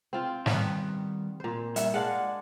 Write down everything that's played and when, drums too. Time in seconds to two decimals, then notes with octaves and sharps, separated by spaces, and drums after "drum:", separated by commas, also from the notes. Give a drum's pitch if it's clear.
0.13 C4 F4 C5
0.46 D#3 G3 B3, drum: snare
1.40 A#2 C5
1.76 G2 E5, drum: hi-hat
1.94 G#3 D4 D5 F5 F#5